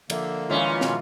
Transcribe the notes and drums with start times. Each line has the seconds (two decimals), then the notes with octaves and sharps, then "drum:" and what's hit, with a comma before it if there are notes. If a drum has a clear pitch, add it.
0.10 D3 F3 A#3 D5 E5, drum: cymbal
0.50 A#2 D#3 E3 G#3 C#4 F4 D#5
0.81 B2, drum: snare